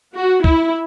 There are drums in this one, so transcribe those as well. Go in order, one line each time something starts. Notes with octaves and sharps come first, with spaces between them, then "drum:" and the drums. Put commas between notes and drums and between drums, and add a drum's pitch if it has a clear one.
F#4
E4, drum: kick